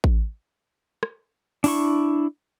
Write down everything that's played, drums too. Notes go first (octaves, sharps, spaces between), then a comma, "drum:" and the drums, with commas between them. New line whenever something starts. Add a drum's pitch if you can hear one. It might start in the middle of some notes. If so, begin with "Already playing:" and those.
drum: kick A1
drum: rim click
D4 E4 C#6, drum: open hi-hat